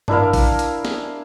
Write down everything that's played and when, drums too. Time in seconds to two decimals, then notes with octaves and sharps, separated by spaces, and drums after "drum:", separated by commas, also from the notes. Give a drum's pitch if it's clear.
0.08 D4 E4 A#4 F5, drum: tom G2
0.33 drum: kick A#1, open hi-hat
0.59 drum: hi-hat
0.85 drum: snare